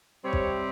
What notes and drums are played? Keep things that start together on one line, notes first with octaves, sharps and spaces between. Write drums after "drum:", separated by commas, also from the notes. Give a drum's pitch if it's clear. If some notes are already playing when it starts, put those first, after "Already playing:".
C3 G3 C4 C#5
drum: kick